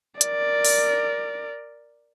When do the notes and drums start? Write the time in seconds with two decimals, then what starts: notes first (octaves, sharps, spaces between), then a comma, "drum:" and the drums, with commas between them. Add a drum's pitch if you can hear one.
0.21 A#4 D5, drum: hi-hat
0.65 drum: open hi-hat